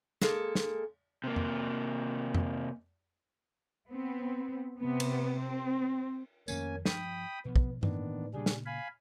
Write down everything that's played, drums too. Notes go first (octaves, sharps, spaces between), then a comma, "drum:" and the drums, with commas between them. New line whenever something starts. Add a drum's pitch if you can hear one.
G#3 A#3 A4, drum: snare
drum: snare
C3 A#3
drum: tom F2
drum: tom F2
B3 C4
C3 B3
drum: cymbal
C4
F2 D#3 A3 A#3 C#4 G#5, drum: tambourine
G2 F3 G5 B5 D#6, drum: snare
B2 F3 B3
drum: kick
A2 D#3 E3 A#3 B3 D4, drum: tom G2
A#2 C#3 G3 D4 G#4
drum: snare
F5 G#5 B5